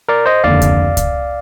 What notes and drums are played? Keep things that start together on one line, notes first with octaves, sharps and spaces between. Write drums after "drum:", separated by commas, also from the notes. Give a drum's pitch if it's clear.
A#4 D5
C5 D#5
F1 D#2 D3 D5 F5
drum: kick C#2, hi-hat
drum: kick C#2, hi-hat